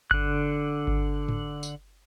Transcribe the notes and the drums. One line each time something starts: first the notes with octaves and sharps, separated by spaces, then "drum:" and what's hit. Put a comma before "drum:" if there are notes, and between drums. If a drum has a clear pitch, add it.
D3 F#6, drum: kick G1
drum: kick G1
drum: tom G#2
drum: tambourine